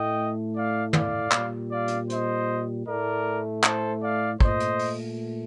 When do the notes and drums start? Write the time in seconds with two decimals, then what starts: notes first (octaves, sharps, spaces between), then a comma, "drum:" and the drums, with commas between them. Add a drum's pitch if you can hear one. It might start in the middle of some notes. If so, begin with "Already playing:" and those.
Already playing: A2 A3 D#5 G5
0.55 D5 F5
0.93 D5 F5, drum: tom
1.31 A#2 G3, drum: clap
1.71 D5 F5
1.88 drum: hi-hat
2.10 C5 D#5, drum: hi-hat
2.86 A2 A3 A#4 D5
3.63 A4 C5, drum: clap
4.03 D5 F5
4.40 A#2 A3 C5 D#5, drum: kick
4.60 drum: hi-hat
4.79 drum: open hi-hat